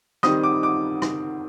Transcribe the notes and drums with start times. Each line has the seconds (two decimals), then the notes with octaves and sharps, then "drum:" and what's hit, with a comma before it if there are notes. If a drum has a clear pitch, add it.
0.23 D#3 G3 C4 D#6, drum: rim click
0.43 D6
0.63 D6
1.02 drum: rim click